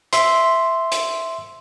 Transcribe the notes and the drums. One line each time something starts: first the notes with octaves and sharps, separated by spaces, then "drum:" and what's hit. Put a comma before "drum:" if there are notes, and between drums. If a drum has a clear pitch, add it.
E5 C6, drum: hi-hat
drum: hi-hat